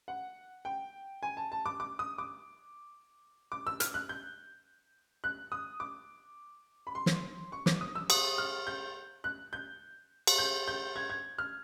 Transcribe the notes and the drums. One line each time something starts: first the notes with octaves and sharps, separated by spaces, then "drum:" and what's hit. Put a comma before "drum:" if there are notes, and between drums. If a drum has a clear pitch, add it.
F#5
G5
G#5
A5
A5
D6
D6
D#6
D6
D6
E6
F6, drum: hi-hat
F#6
G6
F#6
D#6
D6
B5
C6
drum: snare
C#6
D6, drum: snare
D#6
E6
D#6, drum: cymbal
F6
G6
F#6
G6
drum: cymbal
G6
G6
G#6
G#6
F6